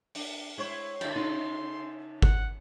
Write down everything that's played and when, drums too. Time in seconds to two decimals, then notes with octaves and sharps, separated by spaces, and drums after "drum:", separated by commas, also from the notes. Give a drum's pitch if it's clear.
0.15 D4, drum: open hi-hat
0.58 G#3 E4 C5 C#5
1.01 G2 D3 G5, drum: cymbal
1.16 C#3 D#4 C6
2.22 F#5, drum: kick G1